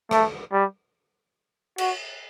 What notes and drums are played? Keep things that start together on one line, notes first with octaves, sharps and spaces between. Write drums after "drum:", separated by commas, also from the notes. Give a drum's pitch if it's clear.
A3, drum: rim click
G3
F#4, drum: cymbal